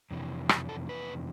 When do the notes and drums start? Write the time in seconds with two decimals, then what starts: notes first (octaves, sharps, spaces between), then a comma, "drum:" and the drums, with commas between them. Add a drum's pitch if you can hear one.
0.11 F2 C3 E3
0.49 G4, drum: rim click
0.69 A4
0.89 B4